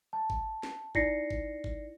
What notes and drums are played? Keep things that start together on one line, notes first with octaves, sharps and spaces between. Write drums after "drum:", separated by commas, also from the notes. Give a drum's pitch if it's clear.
A5
drum: kick G#1
drum: snare
D#4 E4 D5 A#6 C7 C#7, drum: kick G#1
drum: kick G#1
drum: kick G#1